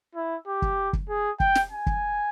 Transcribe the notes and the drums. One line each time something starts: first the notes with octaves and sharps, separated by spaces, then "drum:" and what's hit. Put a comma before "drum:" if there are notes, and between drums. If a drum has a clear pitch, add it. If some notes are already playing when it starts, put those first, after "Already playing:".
E4
G4
drum: kick
drum: kick
G#4
G5, drum: kick
drum: snare
G#5
drum: kick